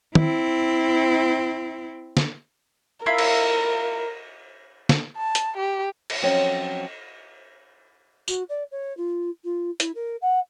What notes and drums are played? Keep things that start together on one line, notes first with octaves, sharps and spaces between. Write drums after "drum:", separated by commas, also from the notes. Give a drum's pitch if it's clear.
C4 E4, drum: tom
drum: snare
E4 F4 A#4 B5
drum: cymbal
drum: snare
A5
drum: hi-hat
G4
drum: cymbal
F3 F#3 C4 C#4 F#4 C#5
F#4, drum: tambourine
D5
C#5
F4
F4
E4, drum: hi-hat
A#4
F#5